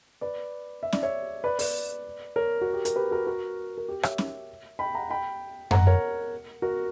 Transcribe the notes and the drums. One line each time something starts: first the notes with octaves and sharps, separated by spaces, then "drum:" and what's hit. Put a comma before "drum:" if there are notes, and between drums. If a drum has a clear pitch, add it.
B4 D5
E5
D5, drum: snare C#4
C#5 E5
B4 D5
B4 D5, drum: open hi-hat
A#4 C#5
F#4
G4
A#4, drum: hi-hat
G4 B4
F#4 A#4
F#4 A#4
A#4
G4
C#5 E5, drum: rim click
drum: snare C#4
G5 B5
F#5 A#5
G5 B5
F#5 A#5, drum: tom F#2
A#4 C#5
F#4 A#4